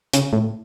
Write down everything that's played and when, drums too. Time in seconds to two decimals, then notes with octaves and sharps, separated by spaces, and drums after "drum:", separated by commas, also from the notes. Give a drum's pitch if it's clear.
0.13 C#3, drum: hi-hat
0.33 A2